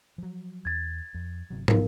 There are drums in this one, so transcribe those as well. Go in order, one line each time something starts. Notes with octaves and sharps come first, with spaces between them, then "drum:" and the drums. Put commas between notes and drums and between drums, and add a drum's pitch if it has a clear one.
F3 F#3
E2 G#6 A6
F2
G1 C3 F#3
G1 D2 B2 D#4 A#4 F5, drum: tom